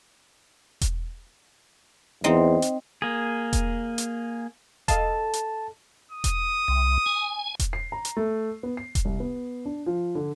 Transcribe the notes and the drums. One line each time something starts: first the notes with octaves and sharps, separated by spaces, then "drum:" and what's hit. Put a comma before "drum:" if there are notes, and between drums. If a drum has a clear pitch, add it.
drum: kick E1, hi-hat
E2 C4 D#4
drum: hi-hat
A#3 G#4
drum: kick E1, hi-hat
drum: hi-hat
A4 D#5 F5 A5, drum: kick E1, hi-hat
drum: hi-hat
D#6
drum: kick E1, hi-hat
C2
G#5
drum: kick E1, hi-hat
C7
A#5
drum: hi-hat
A3
B3
C7
drum: kick E1, hi-hat
C2
B3
D4
F3
D3